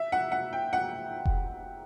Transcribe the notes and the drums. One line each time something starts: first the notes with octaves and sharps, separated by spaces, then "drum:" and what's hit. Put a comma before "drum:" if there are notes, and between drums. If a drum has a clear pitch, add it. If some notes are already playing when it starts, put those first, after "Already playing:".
Already playing: E5
F#5
F#5
G5
F#5
drum: kick F1